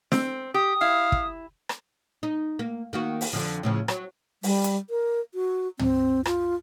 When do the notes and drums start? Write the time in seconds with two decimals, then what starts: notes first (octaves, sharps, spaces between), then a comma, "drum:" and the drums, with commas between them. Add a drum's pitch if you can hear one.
0.12 C4, drum: snare
0.54 G4 D#6
0.81 E4 F5
1.12 drum: kick
1.69 drum: rim click
2.23 D#4
2.59 A#3
2.93 D#3 A#3 F#4
3.21 drum: open hi-hat
3.33 F2 D3 F3
3.63 A2 C#3 F3
3.88 F#3, drum: rim click
4.43 G3, drum: open hi-hat
4.64 drum: hi-hat
4.90 A#4
5.35 F#4
5.79 C4, drum: tom
6.25 F4, drum: rim click